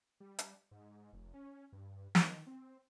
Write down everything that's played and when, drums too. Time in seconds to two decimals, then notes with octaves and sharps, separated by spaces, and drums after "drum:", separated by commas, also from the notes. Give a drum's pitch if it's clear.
0.20 G3
0.39 drum: hi-hat
0.71 G#2
1.13 F1
1.34 C#4
1.72 G2
2.15 D#3, drum: snare
2.47 C4